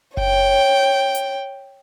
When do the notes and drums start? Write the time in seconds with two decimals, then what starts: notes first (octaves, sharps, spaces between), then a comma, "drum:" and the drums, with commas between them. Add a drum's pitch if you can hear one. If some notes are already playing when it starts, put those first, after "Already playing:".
0.17 C#5 G5, drum: kick F#1
1.15 drum: hi-hat